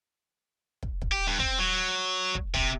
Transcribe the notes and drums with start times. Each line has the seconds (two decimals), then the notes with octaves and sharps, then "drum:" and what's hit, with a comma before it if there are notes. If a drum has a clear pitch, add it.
0.83 drum: kick
1.02 drum: kick
1.12 G4
1.27 G2
1.40 C4, drum: kick
1.59 F#3
2.35 drum: kick
2.54 C3, drum: kick